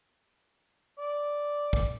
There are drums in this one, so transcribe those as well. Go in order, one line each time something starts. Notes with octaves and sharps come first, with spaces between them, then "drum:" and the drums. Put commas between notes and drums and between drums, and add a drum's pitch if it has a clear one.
D5
drum: kick